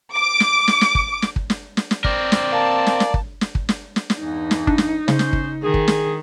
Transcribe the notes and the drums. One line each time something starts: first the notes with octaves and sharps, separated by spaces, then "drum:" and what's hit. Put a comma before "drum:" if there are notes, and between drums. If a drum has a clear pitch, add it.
D6
drum: snare
drum: snare
drum: snare
drum: kick
drum: snare
drum: kick
drum: snare
drum: snare
drum: snare
C4 A#4 D5, drum: kick
drum: snare
A#3 A5
drum: snare
drum: snare
drum: kick
drum: snare
drum: kick
drum: snare
drum: snare
drum: snare
E2 G2 E3 D#4
drum: snare
D4, drum: kick
drum: snare
C#3 C#4 C5, drum: snare
drum: snare
drum: kick
D#3 G#4
drum: kick
drum: snare